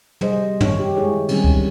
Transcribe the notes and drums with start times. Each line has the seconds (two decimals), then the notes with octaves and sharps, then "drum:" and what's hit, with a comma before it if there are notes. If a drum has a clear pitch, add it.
0.21 C3 G3 G#4 C5 D#5, drum: tom
0.61 C#5, drum: tom
0.79 G4
0.96 G#3 E4 G#4 C#5
1.14 D#3
1.28 D3 D#3 G3 C4 C#4 G#4, drum: cymbal
1.44 drum: kick C#2